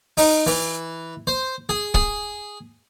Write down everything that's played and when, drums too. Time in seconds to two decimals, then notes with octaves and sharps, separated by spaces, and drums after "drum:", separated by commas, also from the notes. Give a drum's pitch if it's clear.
0.17 D#4, drum: open hi-hat
0.47 E3, drum: open hi-hat
1.27 C5
1.69 G#4
1.94 G#4, drum: kick